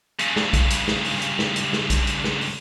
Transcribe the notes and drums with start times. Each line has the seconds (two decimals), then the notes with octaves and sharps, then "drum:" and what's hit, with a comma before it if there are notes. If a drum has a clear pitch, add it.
0.19 G2 C#3, drum: hi-hat
0.36 drum: snare
0.53 drum: kick A#1, hi-hat
0.70 drum: hi-hat
0.87 drum: snare
1.05 drum: open hi-hat
1.22 drum: hi-hat
1.39 drum: snare
1.56 drum: hi-hat
1.73 drum: snare
1.90 drum: kick A#1, hi-hat
2.07 drum: hi-hat
2.24 drum: snare
2.41 drum: open hi-hat